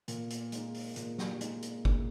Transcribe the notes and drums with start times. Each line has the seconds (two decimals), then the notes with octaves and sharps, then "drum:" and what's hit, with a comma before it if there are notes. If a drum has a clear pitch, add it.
0.08 A#2, drum: hi-hat
0.30 drum: hi-hat
0.52 G#3 D#4, drum: hi-hat
0.74 drum: open hi-hat
0.96 A#2, drum: hi-hat
1.18 drum: snare
1.41 G#3 D#4, drum: hi-hat
1.63 drum: hi-hat
1.85 A#2, drum: kick G1